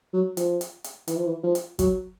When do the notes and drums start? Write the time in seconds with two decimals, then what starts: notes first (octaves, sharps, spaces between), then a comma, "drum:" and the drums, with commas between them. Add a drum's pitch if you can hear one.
0.14 F#3
0.37 F3, drum: hi-hat
0.61 drum: hi-hat
0.84 drum: hi-hat
1.08 E3, drum: hi-hat
1.17 F3
1.26 E3
1.44 F3
1.55 drum: hi-hat
1.79 F#3, drum: kick, hi-hat